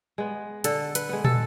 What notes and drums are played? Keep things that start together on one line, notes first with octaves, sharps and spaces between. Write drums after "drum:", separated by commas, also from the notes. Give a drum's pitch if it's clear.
G#3 B3
D3 A4, drum: hi-hat
B4, drum: hi-hat
G#3 B3
A4, drum: tom